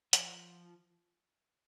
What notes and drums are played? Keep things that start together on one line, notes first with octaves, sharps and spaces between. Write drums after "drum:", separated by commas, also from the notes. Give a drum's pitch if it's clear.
F3, drum: hi-hat